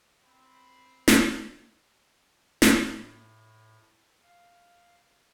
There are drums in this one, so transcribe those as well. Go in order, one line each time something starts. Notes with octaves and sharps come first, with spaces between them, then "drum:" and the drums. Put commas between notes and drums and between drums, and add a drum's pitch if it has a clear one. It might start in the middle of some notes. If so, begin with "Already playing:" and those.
C4 B5
drum: snare
A2, drum: snare
F5